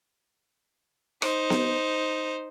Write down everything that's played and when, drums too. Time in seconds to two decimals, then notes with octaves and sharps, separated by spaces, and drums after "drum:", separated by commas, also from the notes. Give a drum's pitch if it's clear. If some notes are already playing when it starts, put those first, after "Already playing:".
1.22 D#4 C5, drum: rim click
1.50 drum: snare B3